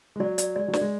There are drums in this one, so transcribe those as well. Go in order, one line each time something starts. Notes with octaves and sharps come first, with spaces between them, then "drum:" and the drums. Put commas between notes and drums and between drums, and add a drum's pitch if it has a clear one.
G#3
F#3 D5
D5, drum: hi-hat
G#3 D5
F#3
D5, drum: snare
G#3